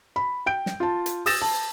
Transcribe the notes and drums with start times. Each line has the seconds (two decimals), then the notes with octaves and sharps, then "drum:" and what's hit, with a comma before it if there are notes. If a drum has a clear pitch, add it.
0.16 B5
0.46 G5 G6 D7
0.66 drum: snare
0.80 F4 A5
1.06 drum: hi-hat
1.26 D#6 E6 G6 A6 A#6 E7, drum: open hi-hat
1.42 A5